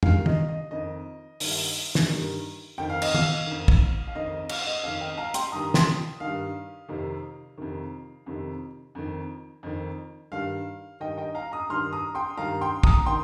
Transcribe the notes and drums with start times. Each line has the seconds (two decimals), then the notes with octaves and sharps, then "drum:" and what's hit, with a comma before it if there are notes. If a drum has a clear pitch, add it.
0.03 G2 D#3 F5, drum: tom
0.26 D#5, drum: tom
0.49 D#5
0.71 F2 D#3 D#5
1.40 G2 D#3, drum: open hi-hat
1.95 drum: snare
2.09 G2 D#3
2.78 F2 D#3 G5
2.90 F5
3.02 D#5, drum: cymbal
3.14 F5, drum: tom
3.46 F2 D#3
3.68 drum: kick
4.07 F5
4.15 F2 D#3 D#5
4.32 D#5
4.49 F5, drum: cymbal
4.66 D#5
4.84 F2 D#3 F5
5.00 D#5 G5
5.17 F5 A#5
5.34 G5 C6, drum: hi-hat
5.52 G2 D#3 A#5 D#6
5.74 G5 C6, drum: snare
6.20 D#3 F5
6.25 G2
6.89 F2 C3 D#3
7.58 F2 C3 D#3
8.26 F2 C3 D#3
8.95 F2 D#3
9.63 F2 D#3
10.32 G2 D#3 F5
11.00 G2 D#3 D#5 G5
11.17 D#5 G5
11.35 F5 A#5
11.52 A#5 D#6
11.69 G2 D#3 C6 F6
11.93 A#5 D#6
12.15 G5 C6
12.38 G2 D#3 F5 A#5
12.61 G5 C6
12.83 A#5 D#6, drum: kick
13.06 D#3 G5 C6